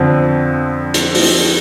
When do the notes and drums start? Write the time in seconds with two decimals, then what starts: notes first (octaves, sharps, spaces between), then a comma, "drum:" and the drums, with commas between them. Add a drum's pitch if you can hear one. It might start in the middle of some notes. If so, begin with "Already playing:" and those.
Already playing: F2 D3 F3 C4
0.94 drum: hi-hat
1.15 drum: open hi-hat